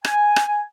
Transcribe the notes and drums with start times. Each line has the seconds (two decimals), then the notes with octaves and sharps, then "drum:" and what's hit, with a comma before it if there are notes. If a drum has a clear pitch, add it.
0.05 G#5, drum: rim click
0.36 drum: rim click